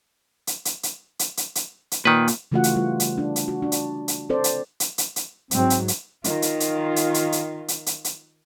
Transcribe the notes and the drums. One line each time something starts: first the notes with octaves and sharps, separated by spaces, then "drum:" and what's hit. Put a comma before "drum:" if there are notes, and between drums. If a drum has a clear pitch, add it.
drum: hi-hat
drum: hi-hat
drum: hi-hat
drum: hi-hat
drum: hi-hat
drum: hi-hat
drum: hi-hat
A#2 D#3 B4
drum: hi-hat
C#3 E3 A3 F4 F#4 F#5
drum: hi-hat
G3 F4
drum: hi-hat
D4
drum: hi-hat
F#4
D4
drum: hi-hat
drum: hi-hat
C4 A4 C5 D5
drum: hi-hat
drum: hi-hat
drum: hi-hat
drum: hi-hat
G#2 F#3 C4, drum: hi-hat
drum: hi-hat
drum: hi-hat
D#3 F4, drum: hi-hat
drum: hi-hat
drum: hi-hat
drum: hi-hat
drum: hi-hat
drum: hi-hat
drum: hi-hat
drum: hi-hat
drum: hi-hat